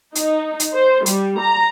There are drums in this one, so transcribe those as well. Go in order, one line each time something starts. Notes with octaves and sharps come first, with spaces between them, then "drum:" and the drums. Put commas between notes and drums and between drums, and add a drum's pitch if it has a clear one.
D#4, drum: hi-hat
drum: hi-hat
C5
G3, drum: hi-hat
A#5